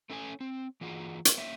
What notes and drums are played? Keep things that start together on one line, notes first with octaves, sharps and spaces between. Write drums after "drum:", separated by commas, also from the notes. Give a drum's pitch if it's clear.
A3 C#4 A4 F#5 G#5
C4
E3 F4 F#4 G#4
drum: hi-hat
A#3 C#4 E5